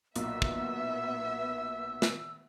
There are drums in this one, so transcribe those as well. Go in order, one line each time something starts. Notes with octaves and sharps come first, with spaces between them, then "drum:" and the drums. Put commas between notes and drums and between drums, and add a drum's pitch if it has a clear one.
B1 A#2 B3 E5 E6, drum: hi-hat
drum: kick
drum: snare